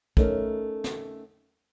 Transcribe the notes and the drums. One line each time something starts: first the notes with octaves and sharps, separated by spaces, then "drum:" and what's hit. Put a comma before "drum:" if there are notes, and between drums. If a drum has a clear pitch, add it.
A3 C#4 D#4 A#4, drum: kick
drum: snare